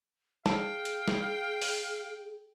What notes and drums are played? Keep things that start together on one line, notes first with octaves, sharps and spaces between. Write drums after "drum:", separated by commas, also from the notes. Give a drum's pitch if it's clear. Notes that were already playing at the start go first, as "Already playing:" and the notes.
G#4 A4 F5 G5, drum: snare
drum: hi-hat
drum: snare
drum: open hi-hat